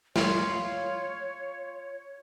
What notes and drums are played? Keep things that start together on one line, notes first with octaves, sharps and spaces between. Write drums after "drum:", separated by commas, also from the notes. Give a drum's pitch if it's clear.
F4 C#5, drum: snare